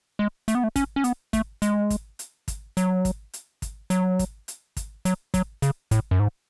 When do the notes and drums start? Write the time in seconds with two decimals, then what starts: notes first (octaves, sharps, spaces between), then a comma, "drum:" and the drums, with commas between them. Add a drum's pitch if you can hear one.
0.19 G#3
0.48 A3, drum: hi-hat
0.55 B3
0.63 A3
0.76 C#4, drum: kick, hi-hat
0.96 C#4
1.04 B3, drum: hi-hat
1.33 A3, drum: kick, hi-hat
1.62 G#3, drum: hi-hat
1.90 drum: kick, hi-hat
2.19 drum: hi-hat
2.48 drum: kick, hi-hat
2.77 F#3, drum: hi-hat
3.05 drum: kick, hi-hat
3.33 drum: hi-hat
3.62 drum: kick, hi-hat
3.90 F#3, drum: hi-hat
4.19 drum: kick, hi-hat
4.48 drum: hi-hat
4.77 drum: kick, hi-hat
5.05 F#3, drum: hi-hat
5.34 F#3, drum: kick, hi-hat
5.62 C#3, drum: hi-hat
5.91 A2, drum: kick, hi-hat
6.11 F#2
6.20 G#2